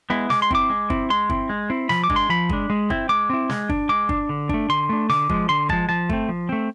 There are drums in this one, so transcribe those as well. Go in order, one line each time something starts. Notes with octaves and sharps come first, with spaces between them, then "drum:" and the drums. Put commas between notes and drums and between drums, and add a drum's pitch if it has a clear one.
G#3 B3 E4
G#3 D6, drum: snare
C6
C4 E4 D6, drum: kick
G#3
C4 E4, drum: kick
G#3 C6
C4 E4, drum: kick
G#3
C4 E4
F3 B5, drum: snare
D6
G#3 D4, drum: kick
C6
F3 B5
G#3 D4, drum: kick
G#3
C4 E4, drum: kick
G#3 D6
C4 E4
G#3, drum: snare
D4, drum: kick
G#3 D6
D4, drum: kick
D3
A3 D4, drum: kick
D3 C6
A3 D4
D3 D6, drum: snare
F3 G#3, drum: kick
D3 C6
F3 G#3 A5, drum: kick
F3 A5
A3 C4, drum: kick
F3
A3 C4